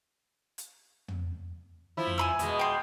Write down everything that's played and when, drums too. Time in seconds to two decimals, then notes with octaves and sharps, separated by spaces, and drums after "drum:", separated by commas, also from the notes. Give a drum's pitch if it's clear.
0.58 drum: hi-hat
1.08 drum: tom
1.97 F3 E4
2.07 drum: tom
2.18 G#5 B5 E6
2.39 B2 G#3, drum: hi-hat
2.59 G5 C6